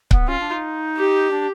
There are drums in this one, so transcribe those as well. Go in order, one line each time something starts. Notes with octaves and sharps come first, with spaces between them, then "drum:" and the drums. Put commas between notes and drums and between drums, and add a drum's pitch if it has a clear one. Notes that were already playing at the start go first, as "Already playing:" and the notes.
B3, drum: kick C#1
C#4 F4
D4
D#4
G4
D4